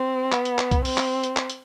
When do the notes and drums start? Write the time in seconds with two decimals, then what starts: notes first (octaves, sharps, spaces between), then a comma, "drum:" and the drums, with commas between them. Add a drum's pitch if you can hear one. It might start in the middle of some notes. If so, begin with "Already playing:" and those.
Already playing: C4
0.32 B3, drum: clap
0.45 drum: hi-hat
0.58 drum: clap
0.71 drum: kick B1, hi-hat
0.85 C4, drum: open hi-hat
0.97 drum: clap
1.24 drum: hi-hat
1.37 drum: clap
1.50 drum: hi-hat